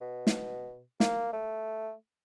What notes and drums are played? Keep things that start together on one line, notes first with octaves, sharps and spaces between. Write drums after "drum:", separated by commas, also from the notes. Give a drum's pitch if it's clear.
B2
drum: snare
A#3, drum: snare
A3